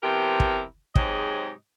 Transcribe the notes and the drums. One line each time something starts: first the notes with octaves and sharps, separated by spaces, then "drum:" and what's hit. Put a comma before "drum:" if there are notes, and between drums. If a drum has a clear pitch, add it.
C3 F3 B3 E4 G4 A#4
drum: kick
G#2 C3 F#3 G4 G#4 D#5, drum: kick